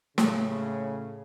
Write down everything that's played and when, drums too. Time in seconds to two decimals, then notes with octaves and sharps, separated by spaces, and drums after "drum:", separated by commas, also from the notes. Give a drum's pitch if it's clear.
0.18 A2 C#3, drum: snare